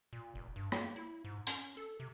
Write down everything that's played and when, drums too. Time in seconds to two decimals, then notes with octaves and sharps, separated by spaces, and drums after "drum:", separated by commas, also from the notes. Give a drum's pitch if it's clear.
0.13 A#2
0.35 F1
0.56 G2
0.72 A#3, drum: rim click
0.96 E4
1.25 G#2
1.47 C#4, drum: hi-hat
1.77 A4
2.00 C3